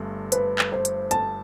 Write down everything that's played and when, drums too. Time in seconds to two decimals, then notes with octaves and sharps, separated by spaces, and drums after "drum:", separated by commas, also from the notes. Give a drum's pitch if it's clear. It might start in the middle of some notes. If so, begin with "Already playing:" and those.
Already playing: G1 G2 A3
0.32 B4, drum: hi-hat
0.59 drum: clap
0.72 C5
0.85 drum: hi-hat
1.11 A5, drum: hi-hat